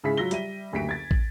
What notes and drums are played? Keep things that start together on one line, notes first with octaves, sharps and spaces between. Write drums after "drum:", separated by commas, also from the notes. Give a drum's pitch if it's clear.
G#2 C#3 E4 E5 B5 B6
F#3 F4 E6 A#6 G7
G3 E5 D#7, drum: hi-hat
F#1 D2 G4 B6 D7
G#6 A6
drum: kick